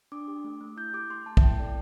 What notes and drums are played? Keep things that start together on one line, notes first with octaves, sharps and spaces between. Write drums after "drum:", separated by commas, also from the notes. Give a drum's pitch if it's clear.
D4 D6
G4
A3
A3
E4 G6
G4 D6
A3 C6
A3 A5
E5, drum: kick
E4 G5
A4 D5